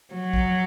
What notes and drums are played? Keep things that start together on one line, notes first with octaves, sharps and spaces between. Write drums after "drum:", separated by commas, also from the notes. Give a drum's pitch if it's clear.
F#3
drum: kick A1